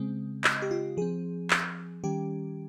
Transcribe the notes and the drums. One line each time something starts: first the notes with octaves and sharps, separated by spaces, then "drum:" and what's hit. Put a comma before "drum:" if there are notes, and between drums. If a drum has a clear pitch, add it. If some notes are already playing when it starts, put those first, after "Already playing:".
Already playing: C#3 G#3 C4
D#5, drum: clap
G4
F4
F3 C4 G#4
drum: clap
D#3 G3 C#4 G4